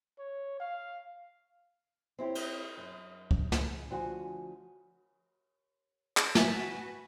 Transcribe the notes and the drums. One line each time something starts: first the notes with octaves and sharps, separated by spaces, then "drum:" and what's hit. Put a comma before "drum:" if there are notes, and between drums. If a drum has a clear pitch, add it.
C#5
F5
C4 E4 G4 C#5
drum: cymbal
F#2
drum: kick C#2
C#3, drum: snare
D2 F3 F#4 G#5
drum: clap
F#4 B4 G#5 A5, drum: snare